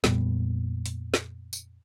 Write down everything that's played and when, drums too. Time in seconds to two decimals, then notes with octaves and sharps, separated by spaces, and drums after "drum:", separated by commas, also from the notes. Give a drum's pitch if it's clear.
0.04 F2 A#2 G3 B3, drum: snare
0.86 drum: hi-hat
1.14 drum: snare
1.53 drum: tambourine